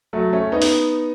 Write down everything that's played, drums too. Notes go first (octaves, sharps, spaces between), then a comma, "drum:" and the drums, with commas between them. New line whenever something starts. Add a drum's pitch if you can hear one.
F#3 A3
A3 C#4
B3 D#4
drum: open hi-hat